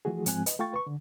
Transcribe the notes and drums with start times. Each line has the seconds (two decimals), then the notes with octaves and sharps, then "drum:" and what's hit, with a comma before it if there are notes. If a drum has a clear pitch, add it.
0.05 E3 F3 A3 F#4 G#4
0.26 G#2 F3 G#3 C4 G#5 F#6, drum: hi-hat
0.46 B4 D#5, drum: hi-hat
0.59 A3 F4 F5 G5 C#6 A6
0.73 B4 C#6
0.87 D3